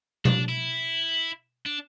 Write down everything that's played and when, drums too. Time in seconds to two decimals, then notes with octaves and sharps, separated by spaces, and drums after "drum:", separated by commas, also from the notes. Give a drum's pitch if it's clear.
0.25 D4, drum: tom B2
0.49 E4
1.66 D4